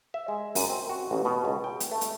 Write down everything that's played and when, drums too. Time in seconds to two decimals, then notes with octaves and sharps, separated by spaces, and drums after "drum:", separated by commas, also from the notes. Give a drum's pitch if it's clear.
0.14 E5
0.28 G#3
0.55 F#2, drum: open hi-hat
0.70 C4
0.89 F#4
1.11 A1
1.25 B2
1.45 C#2
1.64 G5
1.80 drum: hi-hat
1.91 A3
2.01 drum: hi-hat